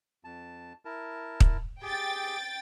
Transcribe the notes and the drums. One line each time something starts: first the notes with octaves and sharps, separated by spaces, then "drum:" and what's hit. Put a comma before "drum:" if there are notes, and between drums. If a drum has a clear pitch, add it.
F2 A5
E4 A#4 A5
drum: kick
G4 G#4 G5 A6